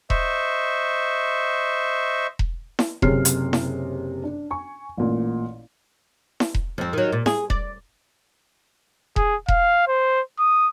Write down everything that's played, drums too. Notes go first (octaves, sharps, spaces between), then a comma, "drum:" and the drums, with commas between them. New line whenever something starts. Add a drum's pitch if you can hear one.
C5 D#5 E5 C#6, drum: kick E1
drum: kick E1
drum: snare E4
F#1 C3 G#4 C#5 F6 C7, drum: kick E1
drum: hi-hat
drum: snare E4
D4
G#5 C#6
A1 A#2
drum: snare E4
drum: kick E1
F2 C4
D#3 F#3
A#2
G#4, drum: snare E4
D5, drum: kick E1
G#4, drum: kick E1
F5, drum: kick E1
C5
D#6